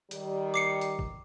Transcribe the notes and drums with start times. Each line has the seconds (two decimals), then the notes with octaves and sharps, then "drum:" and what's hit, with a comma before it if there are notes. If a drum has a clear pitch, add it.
0.11 D#3 G3, drum: hi-hat
0.54 D6 C7 C#7
0.81 drum: hi-hat
0.99 drum: kick